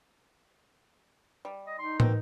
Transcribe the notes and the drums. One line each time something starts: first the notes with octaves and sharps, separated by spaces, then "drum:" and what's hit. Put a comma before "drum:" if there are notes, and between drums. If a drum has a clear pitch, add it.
G3
D#5
D#4 C6
B2 C4 A#4, drum: tom